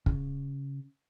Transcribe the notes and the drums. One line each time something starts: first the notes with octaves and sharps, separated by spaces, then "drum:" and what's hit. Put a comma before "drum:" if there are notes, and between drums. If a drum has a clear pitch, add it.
C#3, drum: kick